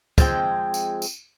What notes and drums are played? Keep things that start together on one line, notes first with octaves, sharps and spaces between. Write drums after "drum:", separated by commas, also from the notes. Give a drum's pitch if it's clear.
F3 G#3 C4 G5, drum: kick, tambourine
drum: tambourine
drum: tambourine